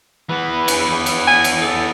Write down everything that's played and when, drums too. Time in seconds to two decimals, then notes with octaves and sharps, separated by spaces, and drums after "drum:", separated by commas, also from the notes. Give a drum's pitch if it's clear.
0.30 E3 B3 B4
0.68 drum: cymbal
1.06 drum: cymbal
1.28 G#5
1.44 drum: cymbal
1.61 A4